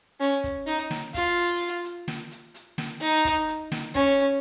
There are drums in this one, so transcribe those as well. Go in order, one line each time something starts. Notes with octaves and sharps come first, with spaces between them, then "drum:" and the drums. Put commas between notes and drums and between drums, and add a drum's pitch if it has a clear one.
C#4, drum: hi-hat
drum: kick, hi-hat
D#4, drum: hi-hat
drum: snare
F4, drum: kick, hi-hat
drum: hi-hat
drum: hi-hat
drum: hi-hat
drum: snare
drum: hi-hat
drum: hi-hat
drum: snare
D#4, drum: hi-hat
drum: kick, hi-hat
drum: hi-hat
drum: snare
C#4, drum: kick, hi-hat
drum: hi-hat